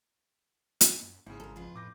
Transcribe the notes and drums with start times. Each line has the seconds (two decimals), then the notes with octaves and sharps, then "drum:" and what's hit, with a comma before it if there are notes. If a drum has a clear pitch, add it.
0.81 drum: hi-hat
1.02 F#2
1.26 G#1 G#2 C#3 E4
1.40 A4 A#4
1.56 F2 F4 B4
1.75 A2 D6 G6 A#6